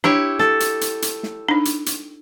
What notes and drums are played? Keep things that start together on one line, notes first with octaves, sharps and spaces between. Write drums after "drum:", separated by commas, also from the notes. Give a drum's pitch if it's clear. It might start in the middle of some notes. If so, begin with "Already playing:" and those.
D4 E4 G4 C#5
A4, drum: snare
drum: hi-hat
drum: hi-hat
drum: hi-hat
drum: snare
D4 D#4
drum: hi-hat
drum: hi-hat